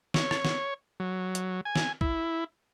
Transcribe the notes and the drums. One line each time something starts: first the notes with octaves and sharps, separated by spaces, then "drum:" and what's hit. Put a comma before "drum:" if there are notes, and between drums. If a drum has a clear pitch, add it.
C#5, drum: snare
drum: rim click
drum: snare
F#3
drum: hi-hat
G#5
drum: snare
E4, drum: kick